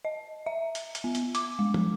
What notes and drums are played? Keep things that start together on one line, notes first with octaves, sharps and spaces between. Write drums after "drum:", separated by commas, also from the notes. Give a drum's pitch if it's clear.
D#5
E5
drum: hi-hat
drum: hi-hat
B3
drum: hi-hat
D6, drum: hi-hat
G#3
drum: tom